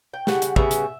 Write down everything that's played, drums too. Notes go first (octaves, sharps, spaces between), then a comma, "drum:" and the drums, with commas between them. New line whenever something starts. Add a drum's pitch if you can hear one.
G5
C#3 G3 F#5, drum: snare
drum: hi-hat
C#3 G3 B3 E5, drum: kick
drum: hi-hat